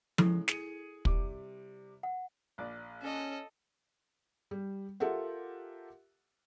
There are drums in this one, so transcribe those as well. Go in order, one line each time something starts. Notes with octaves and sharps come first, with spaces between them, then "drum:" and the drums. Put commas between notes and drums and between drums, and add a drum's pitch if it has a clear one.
C#3 G#3 E4 A4 C#6, drum: tom F3
G#4 C#7 D#7, drum: snare
C3 G3 D6, drum: kick
F#5
A#1 D5
C#4 A4 D#5
G3
F4 G4 A4 A#4 E5 F#5